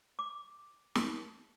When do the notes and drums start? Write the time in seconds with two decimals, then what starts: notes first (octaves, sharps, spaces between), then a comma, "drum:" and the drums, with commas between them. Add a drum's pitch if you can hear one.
0.19 D6
0.95 drum: snare